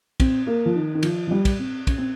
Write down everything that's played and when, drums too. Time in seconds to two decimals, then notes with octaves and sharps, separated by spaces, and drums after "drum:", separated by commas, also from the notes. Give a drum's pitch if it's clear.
0.20 C4, drum: kick, cymbal
0.47 A#3
0.66 F3
0.76 D#3
0.95 D#3
1.03 F3, drum: cymbal
1.27 F3
1.31 G3
1.45 drum: kick, cymbal
1.59 C4
1.87 C#4, drum: kick, cymbal
1.98 C4